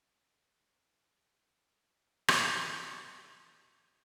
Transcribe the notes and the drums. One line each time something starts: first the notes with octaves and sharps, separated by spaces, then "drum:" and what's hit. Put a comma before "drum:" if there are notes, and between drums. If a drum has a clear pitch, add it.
G4
B1 A#2
C#2 D#3
drum: rim click
G#1 E2 C#3 G3
G#2 B3